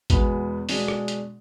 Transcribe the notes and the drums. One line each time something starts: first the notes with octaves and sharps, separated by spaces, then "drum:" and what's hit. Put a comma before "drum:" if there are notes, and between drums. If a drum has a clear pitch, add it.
E2 B2 G#3 B3, drum: kick G#1, hi-hat
B2 G#3 D4, drum: open hi-hat
drum: rim click
drum: hi-hat